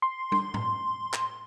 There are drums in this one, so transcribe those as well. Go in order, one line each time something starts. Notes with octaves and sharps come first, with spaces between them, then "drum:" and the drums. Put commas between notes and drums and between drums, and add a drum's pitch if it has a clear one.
C6
drum: tom
drum: tom G#2
drum: clap